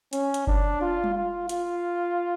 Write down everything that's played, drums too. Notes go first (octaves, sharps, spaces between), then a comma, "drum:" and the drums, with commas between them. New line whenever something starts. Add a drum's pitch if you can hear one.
C#4, drum: hi-hat
drum: hi-hat
D4, drum: kick F#1
F4
drum: tom G3
F4
F4, drum: hi-hat